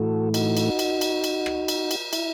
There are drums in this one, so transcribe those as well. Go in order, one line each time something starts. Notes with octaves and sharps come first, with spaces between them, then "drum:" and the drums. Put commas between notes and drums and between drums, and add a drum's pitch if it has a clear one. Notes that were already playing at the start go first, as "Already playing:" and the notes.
Already playing: A2 E3 A3 F#4 A4
D#4 F#4, drum: cymbal
drum: cymbal
drum: cymbal
drum: cymbal
drum: cymbal
drum: rim click
drum: cymbal
drum: cymbal
E4, drum: cymbal